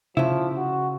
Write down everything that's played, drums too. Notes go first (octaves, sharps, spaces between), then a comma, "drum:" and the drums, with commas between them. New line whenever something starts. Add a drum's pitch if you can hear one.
C#3 F3 E4, drum: tom C3
F#4